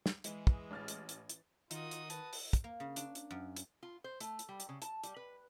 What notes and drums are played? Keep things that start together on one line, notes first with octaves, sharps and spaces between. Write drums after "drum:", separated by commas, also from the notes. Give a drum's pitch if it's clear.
drum: snare
E3 G#3, drum: hi-hat
drum: kick
A1 F6 A6
drum: hi-hat
drum: hi-hat
drum: hi-hat
D#3 D#4 F4 F#4 D#6, drum: hi-hat
drum: hi-hat
B4 A5, drum: hi-hat
drum: open hi-hat
drum: kick, hi-hat
A#3
C#3
D4, drum: hi-hat
drum: hi-hat
F#2
drum: hi-hat
F4
C5
A3, drum: hi-hat
drum: hi-hat
G3
drum: hi-hat
C#3
A5, drum: hi-hat
G3, drum: hi-hat
B4